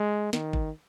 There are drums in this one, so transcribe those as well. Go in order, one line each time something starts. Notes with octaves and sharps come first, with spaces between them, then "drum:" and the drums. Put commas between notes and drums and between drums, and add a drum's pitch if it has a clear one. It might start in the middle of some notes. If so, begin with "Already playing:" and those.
Already playing: G#3
D#3, drum: snare
drum: kick